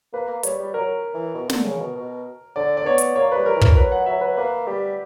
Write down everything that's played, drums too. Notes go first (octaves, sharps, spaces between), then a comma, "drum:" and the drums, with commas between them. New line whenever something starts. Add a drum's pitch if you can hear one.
A#3 B4
A#3
G3 C#5, drum: hi-hat
G3
F#3 A#4
E3
B2
D3, drum: snare
C#3
B2
B2
D3 D5
D5
B3 C#5
drum: hi-hat
A#3 C#5
G3 B4
A#4
E3
A#4, drum: kick
F#3 B4
F#5
F#3 E5
B4
A#3 B4
G3 G4